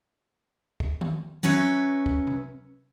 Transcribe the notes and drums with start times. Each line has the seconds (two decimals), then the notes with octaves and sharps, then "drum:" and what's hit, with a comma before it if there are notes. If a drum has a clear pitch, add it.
0.80 drum: kick
1.01 drum: tom D#3
1.43 F#3 C#4 B4 C#5 E5
2.06 drum: kick
2.27 drum: tom C3